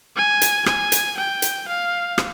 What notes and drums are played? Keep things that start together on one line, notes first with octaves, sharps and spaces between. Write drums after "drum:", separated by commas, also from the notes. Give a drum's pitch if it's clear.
G#5
drum: hi-hat
G#5, drum: rim click
drum: hi-hat
G5
drum: hi-hat
F5
drum: rim click